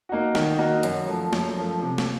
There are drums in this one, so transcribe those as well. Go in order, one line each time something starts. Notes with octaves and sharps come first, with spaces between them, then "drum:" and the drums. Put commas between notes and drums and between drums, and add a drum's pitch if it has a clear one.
A#3 D#4 F#4
D#3, drum: snare
A#3 D#4 F#4
F#2, drum: hi-hat
F3 A3
F#2, drum: snare
F3 A3
C3
drum: snare